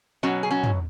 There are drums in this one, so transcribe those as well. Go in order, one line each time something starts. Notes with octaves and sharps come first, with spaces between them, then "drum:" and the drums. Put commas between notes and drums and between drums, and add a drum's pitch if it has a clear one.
B2 F#3 C#4 F#4
G#4
C#4 F#4
drum: tom